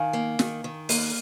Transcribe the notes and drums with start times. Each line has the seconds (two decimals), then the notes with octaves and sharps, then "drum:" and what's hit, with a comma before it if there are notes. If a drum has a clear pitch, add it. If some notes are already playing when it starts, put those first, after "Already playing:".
Already playing: D#3 F5 G#5
0.13 A#3
0.39 D#3, drum: snare
0.64 D#3
0.89 A#3, drum: open hi-hat